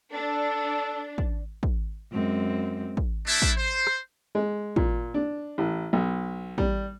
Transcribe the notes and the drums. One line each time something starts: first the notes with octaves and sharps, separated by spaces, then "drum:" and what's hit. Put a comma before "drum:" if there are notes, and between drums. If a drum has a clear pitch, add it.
D4 A4
drum: kick
drum: kick
F#2 G#3 C4
drum: kick
A3 D4 E4
drum: kick
C5
drum: rim click
G#3
A#2, drum: kick
D4
A1
B1
G3, drum: kick